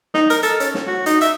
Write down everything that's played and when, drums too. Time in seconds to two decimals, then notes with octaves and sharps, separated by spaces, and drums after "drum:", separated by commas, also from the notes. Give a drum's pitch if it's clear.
0.14 D#4, drum: snare
0.30 A#4, drum: hi-hat
0.43 A4, drum: hi-hat
0.60 C#4, drum: hi-hat
0.74 drum: snare
0.87 F#4
1.06 D#4, drum: hi-hat
1.21 E5, drum: hi-hat